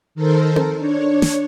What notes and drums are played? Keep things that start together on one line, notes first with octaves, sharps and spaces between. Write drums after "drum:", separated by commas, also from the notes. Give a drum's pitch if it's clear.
D#3 A4 A#4 C5
drum: tom C4
D4 C#5
drum: snare